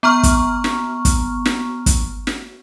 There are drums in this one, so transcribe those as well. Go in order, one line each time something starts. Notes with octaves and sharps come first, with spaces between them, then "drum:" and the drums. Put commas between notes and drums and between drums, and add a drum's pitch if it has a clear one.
B3 A#5 C#6 F6
drum: kick, hi-hat
drum: snare
drum: kick, hi-hat
drum: snare
drum: kick, hi-hat
drum: snare